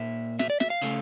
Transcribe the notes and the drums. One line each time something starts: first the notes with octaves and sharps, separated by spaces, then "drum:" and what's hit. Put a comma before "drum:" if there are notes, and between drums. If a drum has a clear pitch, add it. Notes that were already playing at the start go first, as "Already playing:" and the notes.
Already playing: A#2 A#3 E5
E5, drum: snare
D5
E5, drum: snare
F5
C#3 A3, drum: hi-hat